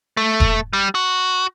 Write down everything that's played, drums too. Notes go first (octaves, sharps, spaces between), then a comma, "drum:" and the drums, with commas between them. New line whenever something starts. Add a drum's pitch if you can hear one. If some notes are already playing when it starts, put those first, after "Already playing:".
A3
drum: kick E1
G3
F#4